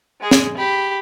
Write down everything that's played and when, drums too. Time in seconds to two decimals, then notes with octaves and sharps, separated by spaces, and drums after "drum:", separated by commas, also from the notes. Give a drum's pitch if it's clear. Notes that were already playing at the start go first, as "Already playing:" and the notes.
0.21 G#3 G#4
0.31 drum: snare
0.57 G4 B5